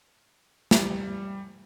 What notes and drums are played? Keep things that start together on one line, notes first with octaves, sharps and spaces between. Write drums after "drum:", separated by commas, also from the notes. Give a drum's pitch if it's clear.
G3, drum: snare